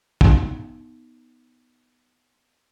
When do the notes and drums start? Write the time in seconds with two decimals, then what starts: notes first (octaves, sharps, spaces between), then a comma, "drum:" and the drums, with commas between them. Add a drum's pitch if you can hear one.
0.21 B3 D#4 F5, drum: kick